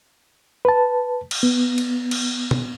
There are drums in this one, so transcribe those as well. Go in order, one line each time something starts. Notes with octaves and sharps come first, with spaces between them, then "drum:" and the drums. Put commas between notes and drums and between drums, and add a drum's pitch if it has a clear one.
B4 A5
drum: cymbal
B3
drum: cymbal
drum: cymbal
drum: tom B2